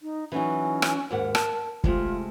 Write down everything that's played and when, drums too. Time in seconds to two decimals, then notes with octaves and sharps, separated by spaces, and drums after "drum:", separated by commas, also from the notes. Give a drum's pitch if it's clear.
0.02 D#4
0.32 E3 F#3 C#4 D#4
0.82 drum: rim click
1.11 D#2 G#2 A#4 F#5
1.35 A5, drum: rim click
1.84 C3 G#3 A3 F4, drum: kick